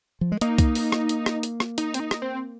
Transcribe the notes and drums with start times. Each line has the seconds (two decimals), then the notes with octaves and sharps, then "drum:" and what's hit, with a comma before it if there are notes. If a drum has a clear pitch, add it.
0.21 F3
0.32 G#3
0.41 A#3 D#4, drum: hi-hat
0.58 drum: kick C2, hi-hat
0.75 drum: open hi-hat
0.92 drum: rim click
1.09 drum: hi-hat
1.26 drum: rim click
1.43 drum: hi-hat
1.60 drum: rim click
1.78 D#4, drum: hi-hat
1.94 C4, drum: hi-hat
2.00 D#4
2.11 drum: rim click
2.22 C4